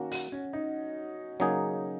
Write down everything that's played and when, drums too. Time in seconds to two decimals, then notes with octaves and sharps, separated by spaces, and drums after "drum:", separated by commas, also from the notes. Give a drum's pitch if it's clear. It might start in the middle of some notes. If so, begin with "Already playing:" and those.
Already playing: D#3 A#3 C#4 F#4
0.11 F#4, drum: open hi-hat
0.32 C#4
0.53 D#4
1.40 C#3 F#3 A#3 D#4 G#4